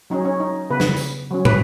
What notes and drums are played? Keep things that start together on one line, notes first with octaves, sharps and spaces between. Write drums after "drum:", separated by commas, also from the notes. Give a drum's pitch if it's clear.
F#3 C#4 D#4
C#4
D#4
C#3 B3 B4
drum: snare
drum: tambourine
F#3 C#4
B4, drum: tom